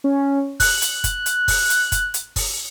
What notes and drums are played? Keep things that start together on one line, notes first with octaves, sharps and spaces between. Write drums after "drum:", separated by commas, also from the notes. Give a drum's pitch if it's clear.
C#4
F#6, drum: kick F#1, open hi-hat
drum: hi-hat
drum: kick F#1, hi-hat
drum: hi-hat
drum: kick F#1, open hi-hat
drum: hi-hat
drum: kick F#1, hi-hat
drum: hi-hat
drum: kick F#1, open hi-hat